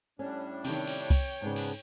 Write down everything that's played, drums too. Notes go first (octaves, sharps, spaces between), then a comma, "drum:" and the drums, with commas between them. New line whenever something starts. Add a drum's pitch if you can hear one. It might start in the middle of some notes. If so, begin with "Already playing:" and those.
A2 G3 C#4 D4
C3 D#3 C#5 G5, drum: cymbal
drum: cymbal
drum: kick C2, cymbal
G#2 C#3 B3 D4
drum: cymbal